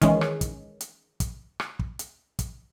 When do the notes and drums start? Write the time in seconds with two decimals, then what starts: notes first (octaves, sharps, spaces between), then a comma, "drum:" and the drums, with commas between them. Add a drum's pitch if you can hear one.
0.01 D#3 E3 G#3 C#4, drum: kick, hi-hat
0.21 drum: rim click
0.41 drum: kick, hi-hat
0.81 drum: hi-hat
1.20 drum: kick, hi-hat
1.60 drum: rim click
1.79 drum: kick
1.99 drum: hi-hat
2.39 drum: kick, hi-hat